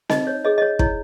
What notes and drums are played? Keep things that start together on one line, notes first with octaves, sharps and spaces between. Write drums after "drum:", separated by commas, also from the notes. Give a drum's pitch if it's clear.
D#4 D#5, drum: snare C4
C#5
G#4 C#5 D#5
D#5
C#5
E4 C#5, drum: kick